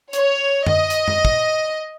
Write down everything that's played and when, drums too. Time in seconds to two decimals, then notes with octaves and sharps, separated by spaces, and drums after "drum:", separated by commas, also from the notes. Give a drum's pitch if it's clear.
0.13 C#5, drum: hi-hat
0.66 D#5, drum: tom F#2
0.90 drum: hi-hat
1.08 drum: tom F#2
1.25 drum: kick